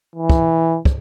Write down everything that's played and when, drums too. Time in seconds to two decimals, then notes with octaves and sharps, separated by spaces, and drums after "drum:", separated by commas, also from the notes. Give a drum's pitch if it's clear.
0.16 E3
0.30 drum: kick
0.85 drum: kick